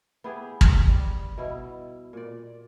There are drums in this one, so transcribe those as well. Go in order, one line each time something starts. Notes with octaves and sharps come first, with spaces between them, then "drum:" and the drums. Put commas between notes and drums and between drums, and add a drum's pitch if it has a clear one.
B3 E4 G4 G#4
drum: kick
G3
B2 E4
A#2 D5